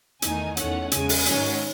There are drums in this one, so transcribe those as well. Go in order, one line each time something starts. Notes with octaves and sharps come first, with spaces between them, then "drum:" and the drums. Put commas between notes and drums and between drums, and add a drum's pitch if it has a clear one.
E2 D#3 A3 D#4 G#5, drum: hi-hat
E2 D#3 A3 C#4 F#5, drum: hi-hat
E2 C#3 G#3 G#5, drum: hi-hat
drum: open hi-hat
G#2 D#3 F#3 C#4, drum: hi-hat